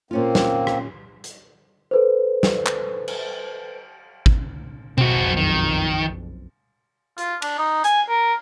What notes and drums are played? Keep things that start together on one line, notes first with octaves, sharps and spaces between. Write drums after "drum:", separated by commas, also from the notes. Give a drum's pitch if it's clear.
A#2 A#3 C4 C#4 F4
drum: snare
drum: rim click
drum: hi-hat
A4 B4 C5
drum: snare
drum: clap
drum: cymbal
drum: kick G#1
F#1 B1 F2 C4 F#4, drum: tom B2
D#3
F4, drum: hi-hat
D4, drum: cymbal
D#4
G#5, drum: hi-hat
A#4